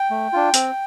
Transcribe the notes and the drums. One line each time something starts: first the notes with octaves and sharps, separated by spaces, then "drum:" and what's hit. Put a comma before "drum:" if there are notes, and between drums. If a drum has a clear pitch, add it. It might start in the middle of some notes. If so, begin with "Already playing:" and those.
Already playing: G5
A3
D4 F4
C4, drum: hi-hat